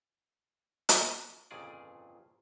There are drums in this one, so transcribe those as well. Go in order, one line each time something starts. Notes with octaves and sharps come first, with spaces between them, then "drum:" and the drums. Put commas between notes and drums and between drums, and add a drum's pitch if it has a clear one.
drum: hi-hat
G1 F2 A#2 C#3 G#4 D5